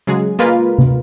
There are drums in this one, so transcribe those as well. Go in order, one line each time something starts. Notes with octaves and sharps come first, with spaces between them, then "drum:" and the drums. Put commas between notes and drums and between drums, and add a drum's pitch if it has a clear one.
C#3 F#3 G#3 G#4
G#3 A#3 F4 A#4 B4
drum: tom C3